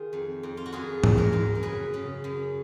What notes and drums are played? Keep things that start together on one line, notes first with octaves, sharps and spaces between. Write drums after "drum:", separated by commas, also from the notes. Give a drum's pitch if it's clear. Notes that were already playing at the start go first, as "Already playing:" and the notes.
Already playing: D#3 F4 G#4
F2
F2
F4
F#4
F#2 F4 G#4
F#2, drum: tom G#2
A#4 C#5
F#2
A#4
C#3 G#4 B4
C#3
F#2